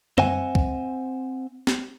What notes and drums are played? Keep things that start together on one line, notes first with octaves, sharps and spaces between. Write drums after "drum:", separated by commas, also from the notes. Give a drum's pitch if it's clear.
C4 C5 E5 F#5 G#5, drum: tom F#2
drum: kick
drum: snare